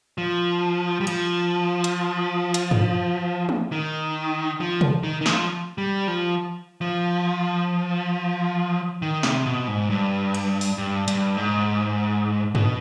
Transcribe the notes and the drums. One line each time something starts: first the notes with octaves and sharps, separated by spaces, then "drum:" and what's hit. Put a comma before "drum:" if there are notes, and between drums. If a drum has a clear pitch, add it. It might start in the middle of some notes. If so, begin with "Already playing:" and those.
F3
G3
F3, drum: cymbal
drum: hi-hat
drum: hi-hat
drum: tom
drum: tom
D#3
F3
drum: tom
D#3
D#3
F3, drum: snare
G3
F3
F3
D#3
C3, drum: snare
B2
G#2
G2
drum: cymbal
drum: open hi-hat
G2
G2, drum: hi-hat
G#2
B2, drum: tom